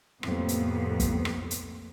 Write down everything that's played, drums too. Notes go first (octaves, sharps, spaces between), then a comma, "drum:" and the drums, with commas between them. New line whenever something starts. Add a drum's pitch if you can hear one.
F2 A2 C3 A#3 B3, drum: rim click
drum: hi-hat
drum: kick, hi-hat
drum: rim click
drum: hi-hat